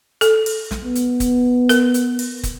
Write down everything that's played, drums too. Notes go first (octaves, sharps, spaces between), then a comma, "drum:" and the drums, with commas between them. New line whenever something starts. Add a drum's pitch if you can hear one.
A4, drum: hi-hat
drum: open hi-hat
drum: snare
B3
drum: hi-hat
drum: kick, hi-hat
A#4, drum: hi-hat
drum: hi-hat
drum: open hi-hat
drum: kick, hi-hat